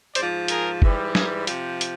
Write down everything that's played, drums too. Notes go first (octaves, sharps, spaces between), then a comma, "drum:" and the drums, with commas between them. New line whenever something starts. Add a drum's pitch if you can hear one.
G#2 F3 C5 D5, drum: hi-hat
G#4 A#4, drum: hi-hat
G#2 E3 G3, drum: kick F#1
G#4 A#4, drum: snare
C3 F3, drum: hi-hat
drum: hi-hat